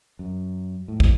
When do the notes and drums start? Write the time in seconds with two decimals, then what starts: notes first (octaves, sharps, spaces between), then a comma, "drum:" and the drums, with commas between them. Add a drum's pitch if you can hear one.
0.19 F#2
0.88 A2
1.00 drum: kick